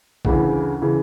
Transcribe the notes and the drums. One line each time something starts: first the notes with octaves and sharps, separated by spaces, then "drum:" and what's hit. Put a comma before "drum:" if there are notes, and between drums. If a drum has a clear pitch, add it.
D2 C#3 E3, drum: kick
C#3 E3